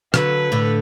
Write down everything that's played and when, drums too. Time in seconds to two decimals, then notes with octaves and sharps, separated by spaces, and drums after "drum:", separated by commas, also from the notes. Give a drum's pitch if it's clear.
0.14 D3 F#3 B4, drum: rim click
0.52 A2 D3